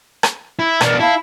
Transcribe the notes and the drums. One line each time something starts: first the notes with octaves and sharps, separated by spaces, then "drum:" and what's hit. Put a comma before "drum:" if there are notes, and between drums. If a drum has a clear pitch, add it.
drum: rim click
E4
B2 D4 A#4 D5, drum: rim click
E4 F5 A5 B5